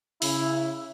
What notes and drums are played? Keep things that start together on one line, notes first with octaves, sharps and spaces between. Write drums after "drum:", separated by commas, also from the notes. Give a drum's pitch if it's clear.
C#3 E4, drum: open hi-hat